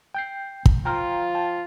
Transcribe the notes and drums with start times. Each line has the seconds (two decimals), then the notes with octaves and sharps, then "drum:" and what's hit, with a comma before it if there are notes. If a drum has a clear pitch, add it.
0.15 G5 G6 C7
0.66 drum: kick
0.85 F3 F4 G5 A#5 F6
1.35 G5 A5